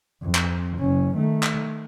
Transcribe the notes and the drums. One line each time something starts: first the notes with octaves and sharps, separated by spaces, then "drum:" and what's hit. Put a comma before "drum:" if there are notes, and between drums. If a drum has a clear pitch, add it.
F2
drum: clap
F#1 C#4
D#3 A3
drum: clap